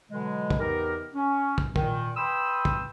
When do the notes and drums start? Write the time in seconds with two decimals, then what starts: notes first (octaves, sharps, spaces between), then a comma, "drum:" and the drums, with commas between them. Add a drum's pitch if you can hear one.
0.10 B2 D3 E3 F#3 G#3
0.50 drum: kick
0.60 E2 E3 D#4 G4 A#4
1.14 C#4
1.58 drum: kick
1.76 A#2 D#3, drum: kick
2.17 B4 G5 B5 C6 D#6 E6
2.65 drum: kick